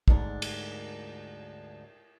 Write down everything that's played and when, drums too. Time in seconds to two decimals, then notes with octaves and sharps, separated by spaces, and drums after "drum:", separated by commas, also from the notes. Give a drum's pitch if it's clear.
0.08 D2 G#2 D4, drum: kick
0.42 drum: cymbal